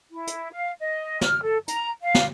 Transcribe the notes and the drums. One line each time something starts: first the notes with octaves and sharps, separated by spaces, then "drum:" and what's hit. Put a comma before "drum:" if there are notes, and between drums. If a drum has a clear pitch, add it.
E4
drum: hi-hat
F5
D#5
F6, drum: snare
A4
A#5, drum: hi-hat
F5
drum: snare